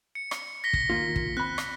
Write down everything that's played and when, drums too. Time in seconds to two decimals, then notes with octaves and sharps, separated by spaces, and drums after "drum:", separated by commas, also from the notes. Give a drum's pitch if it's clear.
0.15 C#7
0.31 drum: rim click
0.64 A#6 B6 G7
0.73 drum: kick
0.90 D#3 A#3 F4
1.16 drum: kick
1.37 C4 B5 F#6
1.58 drum: rim click